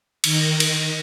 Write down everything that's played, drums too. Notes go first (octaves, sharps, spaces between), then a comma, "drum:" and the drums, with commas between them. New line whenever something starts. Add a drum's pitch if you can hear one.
D#3 A#6, drum: cymbal
drum: cymbal